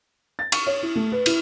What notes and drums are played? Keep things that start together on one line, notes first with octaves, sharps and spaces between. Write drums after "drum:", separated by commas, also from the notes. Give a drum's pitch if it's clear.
A6
C#6, drum: cymbal
C#5
E4
A3
B4
E4, drum: cymbal